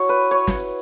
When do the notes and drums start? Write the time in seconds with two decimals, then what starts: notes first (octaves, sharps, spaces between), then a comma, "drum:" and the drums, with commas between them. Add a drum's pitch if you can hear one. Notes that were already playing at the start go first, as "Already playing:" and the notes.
Already playing: E4 F#4 C#5
0.09 B4
0.31 C#5
0.47 drum: snare